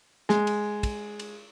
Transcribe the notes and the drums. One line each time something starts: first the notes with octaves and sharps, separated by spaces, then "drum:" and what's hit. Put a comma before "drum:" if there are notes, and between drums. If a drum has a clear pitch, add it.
G#3, drum: snare
drum: cymbal
drum: kick, cymbal
drum: cymbal